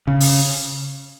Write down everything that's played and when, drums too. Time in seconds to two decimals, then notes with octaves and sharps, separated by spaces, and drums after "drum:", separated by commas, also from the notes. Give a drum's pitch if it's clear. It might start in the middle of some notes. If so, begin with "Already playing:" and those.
0.07 C#3
0.20 drum: open hi-hat